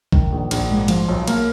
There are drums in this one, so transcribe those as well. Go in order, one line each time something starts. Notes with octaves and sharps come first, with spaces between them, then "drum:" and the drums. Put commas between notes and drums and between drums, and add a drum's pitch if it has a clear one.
D#3, drum: kick
A#1
A#1, drum: cymbal
G#2
F3, drum: cymbal
B1
A#3, drum: cymbal